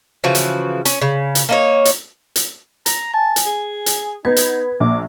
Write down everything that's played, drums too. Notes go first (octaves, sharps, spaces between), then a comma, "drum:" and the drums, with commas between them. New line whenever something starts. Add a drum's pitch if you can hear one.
C#3 E3 F3 F#4
drum: hi-hat
C#4, drum: hi-hat
C#3
drum: hi-hat
A#3 D#4 C#5
drum: hi-hat
drum: hi-hat
A#5, drum: hi-hat
G#5 A5
drum: hi-hat
G#4
drum: hi-hat
B3 D#4 B4 G#6
drum: hi-hat
A#1 D6